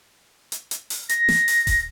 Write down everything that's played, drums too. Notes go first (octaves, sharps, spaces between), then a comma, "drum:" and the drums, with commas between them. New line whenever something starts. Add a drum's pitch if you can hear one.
drum: hi-hat
drum: hi-hat
drum: open hi-hat
A#6, drum: hi-hat
drum: snare
drum: open hi-hat
drum: kick D#1, open hi-hat